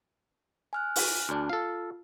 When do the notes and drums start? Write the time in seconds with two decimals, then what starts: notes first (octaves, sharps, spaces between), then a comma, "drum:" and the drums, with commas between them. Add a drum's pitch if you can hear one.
0.73 G#5 F6 F#6
0.96 drum: open hi-hat
1.29 D2 D4
1.49 F4 A4 F5